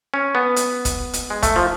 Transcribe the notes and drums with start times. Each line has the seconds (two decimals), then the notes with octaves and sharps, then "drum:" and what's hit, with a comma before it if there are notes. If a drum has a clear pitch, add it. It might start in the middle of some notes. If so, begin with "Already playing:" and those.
0.14 C#4
0.35 B3
0.56 drum: hi-hat
0.85 drum: kick, hi-hat
1.13 drum: hi-hat
1.30 G#3
1.43 A3, drum: kick, hi-hat
1.56 F3